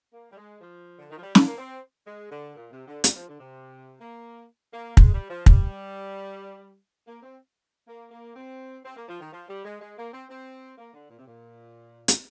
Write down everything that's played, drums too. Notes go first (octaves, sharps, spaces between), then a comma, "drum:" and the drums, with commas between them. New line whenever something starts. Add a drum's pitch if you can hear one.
A#3
G3
G#3
F3
D3
D#3
F3
G3
A#3, drum: snare
A#3
C4
G#3
D3
A#2
C3
D3
G3, drum: hi-hat
F3
D3
C3
A#3
A#3
G#3, drum: kick
G3
F3
G3, drum: kick
A#3
C4
A#3
A#3
C4
C4
A#3
F3
D#3
F3
G3
G#3
G#3
A#3
C4
C4
A#3
D3
A#2
C3
A#2
drum: hi-hat